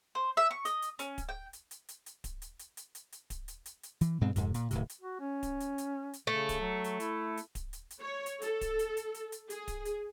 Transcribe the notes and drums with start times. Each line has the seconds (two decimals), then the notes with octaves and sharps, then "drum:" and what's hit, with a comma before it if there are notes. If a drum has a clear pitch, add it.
0.15 C5
0.37 E5
0.51 C#6
0.65 D#5, drum: hi-hat
0.82 drum: hi-hat
0.99 C#4, drum: hi-hat
1.18 drum: kick D1, hi-hat
1.29 G5
1.53 drum: hi-hat
1.71 drum: hi-hat
1.89 drum: hi-hat
2.06 drum: hi-hat
2.24 drum: kick D1, hi-hat
2.42 drum: hi-hat
2.59 drum: hi-hat
2.77 drum: hi-hat
2.95 drum: hi-hat
3.12 drum: hi-hat
3.30 drum: kick D1, hi-hat
3.48 drum: hi-hat
3.66 drum: hi-hat
3.83 drum: hi-hat
4.01 E3, drum: hi-hat
4.21 G2 B2 G#3 C4
4.36 F2 G#2 C3, drum: kick D1, hi-hat
4.54 A#2, drum: hi-hat
4.71 D1 A2 C3, drum: hi-hat
4.90 drum: hi-hat
5.01 F#4
5.20 C#4
5.43 drum: kick D1, hi-hat
5.60 drum: hi-hat
5.78 drum: hi-hat
6.13 drum: hi-hat
6.27 C#3 A3
6.49 drum: kick D1, hi-hat
6.60 F#3
6.84 drum: hi-hat
7.00 E4, drum: hi-hat
7.37 drum: hi-hat
7.55 drum: kick D1, hi-hat
7.73 drum: hi-hat
7.91 drum: hi-hat
8.02 C#5
8.26 drum: hi-hat
8.42 A4, drum: hi-hat
8.61 drum: kick D1, hi-hat
8.79 drum: hi-hat
8.97 drum: hi-hat
9.14 drum: hi-hat
9.32 drum: hi-hat
9.50 G#4, drum: hi-hat
9.68 drum: kick D1, hi-hat
9.85 drum: hi-hat